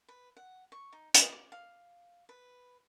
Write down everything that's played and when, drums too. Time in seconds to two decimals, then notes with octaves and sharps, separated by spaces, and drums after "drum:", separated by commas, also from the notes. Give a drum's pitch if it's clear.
0.08 B4
0.37 F#5
0.72 C#6
0.93 D#4
1.14 D#5, drum: hi-hat
1.33 D6
1.52 F5
2.29 B4